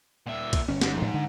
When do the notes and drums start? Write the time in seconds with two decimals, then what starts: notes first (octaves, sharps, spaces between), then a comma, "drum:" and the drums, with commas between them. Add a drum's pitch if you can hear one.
0.27 A#2 E5
0.53 drum: kick B1, cymbal
0.68 G1 C#4
0.81 G#2, drum: snare
0.97 A2 F3
1.14 D3